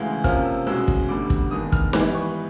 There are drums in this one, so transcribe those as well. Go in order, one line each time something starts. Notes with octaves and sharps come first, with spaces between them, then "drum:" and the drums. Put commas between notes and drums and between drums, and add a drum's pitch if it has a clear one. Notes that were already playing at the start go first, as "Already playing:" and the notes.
Already playing: D2 C#3 E3 G#3
C3 F3 A#3 C#4 F6, drum: kick
E6
C2 B2 G#3 C#4 E6
drum: kick
D2 D3 G3 B3 D6
drum: kick
G2 D#3 G#3 B3 D#6
F6, drum: kick
G#2 E3 G3 B3 F#6, drum: snare
C#6